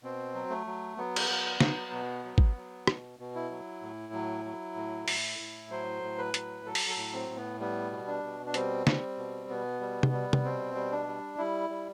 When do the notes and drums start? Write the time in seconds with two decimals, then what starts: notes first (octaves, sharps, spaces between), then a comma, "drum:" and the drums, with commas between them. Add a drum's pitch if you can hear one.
0.03 B2 C4
0.34 F#3
0.50 A3
0.67 F#3
0.97 F#3 B3
1.16 drum: cymbal
1.30 F#3
1.60 F#3, drum: snare
1.92 B2
2.25 F#3
2.38 drum: kick
2.56 F#3
2.87 B2, drum: rim click
3.19 B2
3.35 E4
3.51 F#3
3.82 A2
4.13 F#3
4.45 F#3
4.76 A2
5.08 A2, drum: open hi-hat
5.39 A2
5.70 F#3 C5
6.03 A2
6.18 B4
6.34 F#3, drum: hi-hat
6.65 F#3 A4
6.75 drum: open hi-hat
6.89 A4
6.97 A2
7.13 C4
7.29 A2
7.37 B3
7.60 G3 B3
7.91 B2
8.07 D4
8.23 B2
8.46 D4
8.54 G3 C4, drum: hi-hat
8.87 G3, drum: snare
9.17 B2
9.49 B2 B3
9.81 G3
10.03 drum: tom C3
10.13 G3
10.33 drum: tom C3
10.43 B2 C4
10.75 G3
10.92 D4
11.07 G3
11.38 G3 E4
11.70 G3